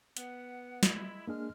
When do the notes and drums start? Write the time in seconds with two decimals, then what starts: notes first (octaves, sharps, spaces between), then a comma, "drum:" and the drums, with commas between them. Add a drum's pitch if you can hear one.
0.17 B3 F#5, drum: hi-hat
0.83 G#3 E4, drum: snare
1.27 G#3 A#3 D4 G#4 F6